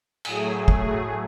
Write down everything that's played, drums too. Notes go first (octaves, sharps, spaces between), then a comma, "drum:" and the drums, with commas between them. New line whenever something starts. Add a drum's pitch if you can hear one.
A2 F#3 A3 G#4, drum: cymbal
drum: kick